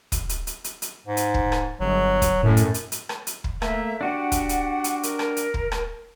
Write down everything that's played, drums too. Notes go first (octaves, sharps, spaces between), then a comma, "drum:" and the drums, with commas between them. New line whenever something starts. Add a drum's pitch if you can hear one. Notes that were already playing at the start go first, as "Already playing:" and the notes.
drum: kick, hi-hat
drum: hi-hat
drum: hi-hat
drum: hi-hat
drum: hi-hat
G#2
drum: hi-hat
drum: kick
drum: rim click
G1 F#3
drum: kick, hi-hat
F#2 A2
drum: hi-hat
drum: hi-hat
drum: hi-hat
drum: rim click
drum: hi-hat
drum: kick
A3 A#3 E5, drum: rim click
D4 F#4 G4 F#5
drum: kick, hi-hat
drum: hi-hat
drum: hi-hat
A#4, drum: hi-hat
drum: rim click
drum: hi-hat
drum: kick
drum: rim click